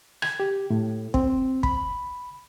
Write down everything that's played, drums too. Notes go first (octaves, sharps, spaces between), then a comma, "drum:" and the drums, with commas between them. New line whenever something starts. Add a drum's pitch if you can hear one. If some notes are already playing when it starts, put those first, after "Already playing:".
G#6, drum: rim click
G4
A2
C4, drum: kick
B5, drum: kick